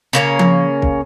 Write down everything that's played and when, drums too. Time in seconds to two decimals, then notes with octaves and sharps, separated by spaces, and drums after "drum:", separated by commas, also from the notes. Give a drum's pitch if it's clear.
0.13 C#3 A#3 C#4
0.39 drum: tom F3
0.82 drum: kick